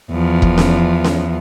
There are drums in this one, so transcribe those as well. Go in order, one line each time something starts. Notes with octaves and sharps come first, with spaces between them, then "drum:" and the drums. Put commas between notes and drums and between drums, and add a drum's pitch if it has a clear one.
E2 F3
drum: kick E1
drum: snare C#4
drum: snare C#4